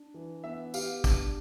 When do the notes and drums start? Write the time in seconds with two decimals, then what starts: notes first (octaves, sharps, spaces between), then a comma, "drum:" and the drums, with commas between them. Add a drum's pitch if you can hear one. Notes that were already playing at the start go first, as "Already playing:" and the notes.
Already playing: D4
0.14 E3
0.44 B3 E5
0.74 G4 F5, drum: tambourine
1.04 D4, drum: kick, tambourine